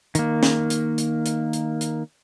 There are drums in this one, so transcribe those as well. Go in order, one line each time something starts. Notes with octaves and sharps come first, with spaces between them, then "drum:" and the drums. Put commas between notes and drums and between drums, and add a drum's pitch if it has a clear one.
D#3 A#3, drum: hi-hat
drum: snare
drum: hi-hat
drum: hi-hat
drum: hi-hat
drum: hi-hat
drum: hi-hat